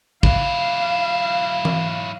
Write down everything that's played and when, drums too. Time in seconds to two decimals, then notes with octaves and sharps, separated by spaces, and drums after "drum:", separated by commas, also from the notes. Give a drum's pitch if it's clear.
0.23 F#3 E4 F5, drum: kick
1.65 drum: tom E3